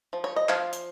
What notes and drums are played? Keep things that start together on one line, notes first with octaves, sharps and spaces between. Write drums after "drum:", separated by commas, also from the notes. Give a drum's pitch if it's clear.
F3
C#5
D#5
F3 F5, drum: clap
drum: hi-hat